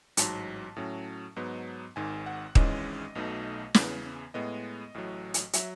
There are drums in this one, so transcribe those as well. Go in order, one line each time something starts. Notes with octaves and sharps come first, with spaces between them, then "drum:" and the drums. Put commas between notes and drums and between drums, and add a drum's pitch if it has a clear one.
A1 G#2 F#3 A5, drum: hi-hat
A2 F#3 C#4
G#2 F#3 B3 D#4
G#1 G#2 D#3 G#5
F#5
G#1 G#2 E3 G#3 C#4 D#5, drum: kick D#1
B1 B2 A3 D#4
E2 C#3 E3 B3, drum: snare
A2 G#3 B3 D#5
A1 A2 F#3
drum: hi-hat
F#3 E5, drum: hi-hat